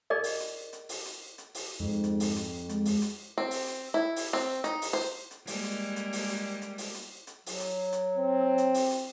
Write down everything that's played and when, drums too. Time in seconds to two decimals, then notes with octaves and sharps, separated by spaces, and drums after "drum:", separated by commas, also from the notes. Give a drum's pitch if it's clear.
0.10 G#4 A#4 D5 D#5
0.24 drum: open hi-hat
0.40 drum: hi-hat
0.73 drum: hi-hat
0.89 drum: open hi-hat
1.05 drum: hi-hat
1.38 drum: hi-hat
1.54 drum: open hi-hat
1.80 F2 G#2
2.04 drum: hi-hat
2.20 drum: open hi-hat
2.36 drum: hi-hat
2.69 G#3, drum: hi-hat
2.85 drum: open hi-hat
3.02 drum: hi-hat
3.38 C4
3.51 drum: open hi-hat
3.67 drum: hi-hat
3.94 E4
4.16 drum: open hi-hat
4.33 C4
4.64 D#4, drum: hi-hat
4.82 drum: open hi-hat
4.93 C5
5.31 drum: hi-hat
5.47 G3 G#3 A#3, drum: open hi-hat
5.63 drum: hi-hat
5.96 drum: hi-hat
6.13 drum: open hi-hat
6.29 drum: hi-hat
6.62 drum: hi-hat
6.78 drum: open hi-hat
6.94 drum: hi-hat
7.27 drum: hi-hat
7.46 F#3, drum: open hi-hat
7.60 drum: hi-hat
7.93 drum: hi-hat
8.17 C4
8.58 drum: hi-hat
8.74 drum: open hi-hat
8.91 drum: hi-hat